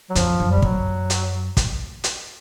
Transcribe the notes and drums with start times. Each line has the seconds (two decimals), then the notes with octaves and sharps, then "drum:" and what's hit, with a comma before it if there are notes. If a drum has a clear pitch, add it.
0.10 F#3
0.15 F2 F3, drum: hi-hat
0.40 F#2
0.51 G3
0.57 G2
0.62 F#2 F#3, drum: kick
1.10 drum: hi-hat
1.57 drum: kick, hi-hat
2.04 drum: hi-hat